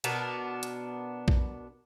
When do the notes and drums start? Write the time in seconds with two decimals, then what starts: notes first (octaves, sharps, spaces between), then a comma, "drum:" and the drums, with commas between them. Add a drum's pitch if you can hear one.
0.04 B2 B3 D4 A#4, drum: hi-hat
0.63 drum: hi-hat
1.28 drum: kick A#1